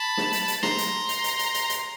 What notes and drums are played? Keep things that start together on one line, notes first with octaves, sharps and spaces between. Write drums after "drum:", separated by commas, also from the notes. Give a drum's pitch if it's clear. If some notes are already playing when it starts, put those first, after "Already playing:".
Already playing: A5 B5
drum: snare
drum: hi-hat
drum: hi-hat
A#5 C6, drum: snare
drum: hi-hat
drum: hi-hat
drum: hi-hat
drum: hi-hat
drum: hi-hat
drum: hi-hat